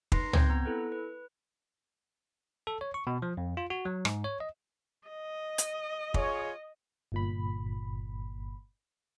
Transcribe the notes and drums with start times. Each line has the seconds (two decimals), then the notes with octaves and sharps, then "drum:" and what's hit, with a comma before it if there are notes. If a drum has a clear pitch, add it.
0.12 D#4 B4 C6 A#6 C7, drum: kick
0.33 C4 G6 G#6, drum: tom
0.49 B3 A#5
0.65 E4 A4 B4
0.92 B4
2.67 A4
2.81 C#5
2.94 C#6
3.07 B2
3.22 F3
3.37 F2
3.57 F4
3.70 F#4
3.85 F#3
4.05 G#2, drum: rim click
4.24 C#5
4.40 D#5
5.08 D#5
5.58 drum: hi-hat
6.14 F4 G#4 C#5, drum: kick
7.12 G1 A#2 B5